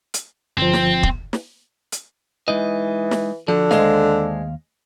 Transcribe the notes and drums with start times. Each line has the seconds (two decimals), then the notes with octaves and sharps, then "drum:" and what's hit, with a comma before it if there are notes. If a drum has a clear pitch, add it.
0.14 drum: hi-hat
0.58 G1 F3 C4
0.73 drum: snare
1.03 drum: kick
1.33 drum: snare
1.92 drum: hi-hat
2.48 E3 G#3 D#4 D#5
3.11 drum: snare
3.48 D3 F3 D4 F#4
3.71 D#2 G#3 C5 D#5 F5, drum: snare